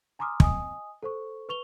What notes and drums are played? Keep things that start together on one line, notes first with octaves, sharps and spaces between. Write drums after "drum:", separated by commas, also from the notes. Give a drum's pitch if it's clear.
G#5 A#5 C6 D6 D#6 F6
D#5 G#5 D#6, drum: kick
A4 C5 C#6
B4 C#6 F7 G7